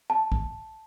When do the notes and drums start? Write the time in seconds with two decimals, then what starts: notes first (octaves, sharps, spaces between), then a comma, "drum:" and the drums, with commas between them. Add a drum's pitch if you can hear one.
0.10 A5
0.32 drum: kick